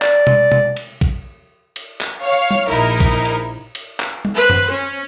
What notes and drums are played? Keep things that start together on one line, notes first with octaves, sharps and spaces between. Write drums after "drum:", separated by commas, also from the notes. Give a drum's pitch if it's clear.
D5, drum: clap
drum: tom B2
drum: tom B2
drum: cymbal
drum: kick A#1
drum: cymbal
drum: clap
C#5 F5
drum: tom G3
A#1 D#4 E4 A#4
drum: kick A#1
drum: cymbal
drum: cymbal
drum: clap
drum: tom G3
B4 C5
drum: tom F#2
C#4